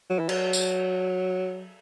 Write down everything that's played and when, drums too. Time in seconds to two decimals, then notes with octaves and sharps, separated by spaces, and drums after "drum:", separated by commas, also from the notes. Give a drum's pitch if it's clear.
0.10 F#3
0.19 E3
0.29 F#3, drum: cymbal
0.53 drum: tambourine